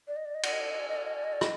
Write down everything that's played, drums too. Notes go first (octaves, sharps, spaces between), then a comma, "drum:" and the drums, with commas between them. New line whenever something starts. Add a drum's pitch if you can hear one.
D5
D#5
D5
D#5
D5, drum: cymbal
D#5
D5
D#5
D5
D#5
D5
D#5
D5
D#5
D5
D#5, drum: rim click